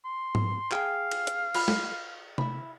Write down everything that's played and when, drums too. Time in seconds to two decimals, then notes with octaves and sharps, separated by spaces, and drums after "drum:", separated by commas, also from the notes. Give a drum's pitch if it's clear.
0.05 C6
0.35 drum: tom G#2
0.72 G#4 F5 G5, drum: clap
1.11 drum: cymbal
1.27 drum: hi-hat
1.54 F4 B5, drum: cymbal
1.68 drum: snare
2.38 E4 B5, drum: tom C3